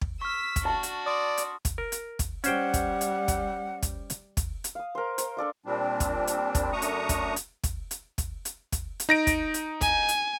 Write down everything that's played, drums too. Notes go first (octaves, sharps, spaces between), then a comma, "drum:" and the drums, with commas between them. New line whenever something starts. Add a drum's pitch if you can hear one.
drum: kick
C#6 E6 F6 B6
drum: kick, hi-hat
D4 F#4 A5
drum: hi-hat
D5 C6 D#6
drum: hi-hat
drum: kick, hi-hat
A#4
drum: hi-hat
drum: kick, hi-hat
G3 C#4 C5 F#5 G5, drum: hi-hat
drum: kick, hi-hat
drum: hi-hat
drum: kick, hi-hat
drum: kick, hi-hat
drum: hi-hat
drum: kick, hi-hat
drum: hi-hat
F5 D#6
A#4 C5
C5, drum: hi-hat
D4 A4 D5 F5
A#2 G3 C4 D4
drum: kick, hi-hat
drum: hi-hat
drum: kick, hi-hat
F#2 A3 D4 A#5 C#6 D#6
drum: hi-hat
drum: kick, hi-hat
drum: hi-hat
drum: kick, hi-hat
drum: hi-hat
drum: kick, hi-hat
drum: hi-hat
drum: kick, hi-hat
drum: hi-hat
D#4 A#6 D7
drum: kick, hi-hat
drum: hi-hat
G#5, drum: kick, hi-hat
drum: hi-hat